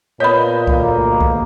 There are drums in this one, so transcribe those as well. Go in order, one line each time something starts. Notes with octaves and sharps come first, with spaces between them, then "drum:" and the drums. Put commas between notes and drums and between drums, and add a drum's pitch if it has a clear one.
A#2 B3 C#5 D#5 B5 G6
D2 G2 A#3, drum: kick C2
drum: kick C2